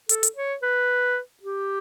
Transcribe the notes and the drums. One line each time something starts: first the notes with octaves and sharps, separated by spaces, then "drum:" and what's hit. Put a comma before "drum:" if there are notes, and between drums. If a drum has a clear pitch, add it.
A4, drum: hi-hat
drum: hi-hat
C#5
B4
G4